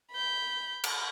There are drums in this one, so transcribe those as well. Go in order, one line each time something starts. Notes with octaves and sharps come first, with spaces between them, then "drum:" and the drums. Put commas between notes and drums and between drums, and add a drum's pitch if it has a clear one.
B5 G6
drum: cymbal